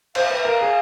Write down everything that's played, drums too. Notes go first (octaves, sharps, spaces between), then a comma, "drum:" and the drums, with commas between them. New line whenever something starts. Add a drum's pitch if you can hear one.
C5 F5, drum: cymbal
B4 E5
A#4 F5
G#4